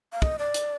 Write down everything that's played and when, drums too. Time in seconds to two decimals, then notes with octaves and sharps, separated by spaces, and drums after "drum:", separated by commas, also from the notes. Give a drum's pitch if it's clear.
0.13 F5
0.22 D#5, drum: kick
0.39 D5
0.54 drum: hi-hat